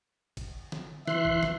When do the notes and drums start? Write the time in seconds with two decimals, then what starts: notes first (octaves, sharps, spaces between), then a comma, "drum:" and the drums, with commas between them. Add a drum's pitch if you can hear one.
0.37 drum: kick G1, cymbal
0.72 drum: snare
1.07 E3 E5 C6 F#6, drum: snare
1.25 drum: kick G1
1.43 drum: snare